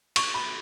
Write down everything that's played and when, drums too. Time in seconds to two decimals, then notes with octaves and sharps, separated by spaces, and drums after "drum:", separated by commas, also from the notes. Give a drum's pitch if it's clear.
0.16 C#6, drum: cymbal
0.34 B5